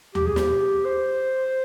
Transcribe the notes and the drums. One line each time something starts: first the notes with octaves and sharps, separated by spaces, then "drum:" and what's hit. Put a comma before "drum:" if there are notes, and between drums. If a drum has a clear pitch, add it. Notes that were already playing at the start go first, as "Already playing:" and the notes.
G4, drum: tom D#2
G#4
G4, drum: snare
C5